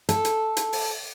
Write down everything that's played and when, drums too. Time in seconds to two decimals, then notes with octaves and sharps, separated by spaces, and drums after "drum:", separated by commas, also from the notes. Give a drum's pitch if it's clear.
0.09 A4, drum: hi-hat
0.25 drum: hi-hat
0.57 drum: hi-hat
0.73 drum: open hi-hat